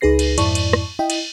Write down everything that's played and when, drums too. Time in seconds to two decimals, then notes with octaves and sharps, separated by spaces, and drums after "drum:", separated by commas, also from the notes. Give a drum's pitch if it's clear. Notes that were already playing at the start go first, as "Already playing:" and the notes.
0.01 C#2 D#4 G#4 B4 A#6 C7
0.19 drum: cymbal
0.38 F2 G#2 E4 D5 A5 C#6, drum: cymbal
0.55 drum: cymbal
0.73 drum: rim click
0.99 E4 D#5 G5
1.10 drum: cymbal